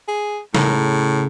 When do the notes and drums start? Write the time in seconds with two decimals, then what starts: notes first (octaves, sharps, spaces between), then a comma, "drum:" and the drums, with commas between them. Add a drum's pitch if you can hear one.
0.08 G#4
0.55 A2 C#3 A#4, drum: snare